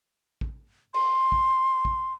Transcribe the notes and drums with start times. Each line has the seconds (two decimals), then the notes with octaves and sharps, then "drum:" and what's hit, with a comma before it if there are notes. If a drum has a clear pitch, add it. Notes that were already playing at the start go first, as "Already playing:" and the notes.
0.41 drum: kick
0.94 C6, drum: cymbal
1.32 drum: kick
1.85 drum: kick